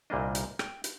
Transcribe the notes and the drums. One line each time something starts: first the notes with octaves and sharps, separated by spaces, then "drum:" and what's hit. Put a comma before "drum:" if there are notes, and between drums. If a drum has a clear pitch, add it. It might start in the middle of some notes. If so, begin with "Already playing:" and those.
C2 A#2 G3 A#3 D4 D#5
drum: hi-hat
G5, drum: rim click
drum: hi-hat